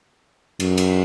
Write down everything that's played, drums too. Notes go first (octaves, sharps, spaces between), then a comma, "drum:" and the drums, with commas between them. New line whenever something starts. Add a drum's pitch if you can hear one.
F#2, drum: cymbal
drum: cymbal